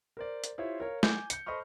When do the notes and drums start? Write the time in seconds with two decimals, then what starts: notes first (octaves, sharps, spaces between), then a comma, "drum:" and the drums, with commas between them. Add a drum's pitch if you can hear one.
0.17 A#4 C5 D5
0.44 drum: hi-hat
0.58 E4 F4 G4 C5 C#5 E5
0.80 A#4 C#5 F5
1.03 G#5 D6 G6, drum: snare
1.30 G6 C#7, drum: hi-hat
1.46 A4 C5 D#5 B5 C#6 F6